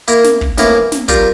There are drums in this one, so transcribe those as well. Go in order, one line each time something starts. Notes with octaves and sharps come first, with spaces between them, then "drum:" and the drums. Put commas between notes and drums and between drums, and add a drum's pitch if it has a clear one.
A#3 E4 A#4, drum: hi-hat
drum: snare
drum: kick
A2 E3 A#3 E4 A#4, drum: snare
drum: snare
G3 C4 F4 A#4, drum: kick, hi-hat